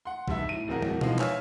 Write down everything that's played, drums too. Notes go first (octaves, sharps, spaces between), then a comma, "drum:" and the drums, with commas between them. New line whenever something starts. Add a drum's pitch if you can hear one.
F#5 C6
E1 G2 D#3 E5, drum: kick
A2 D#7
D1 E2 C4 G#4 A#4 F#5
drum: tom
E3 F3 G#3 B3 D#4 F4, drum: tom B2
C#5 E5 F5 G#5 E6 F6, drum: clap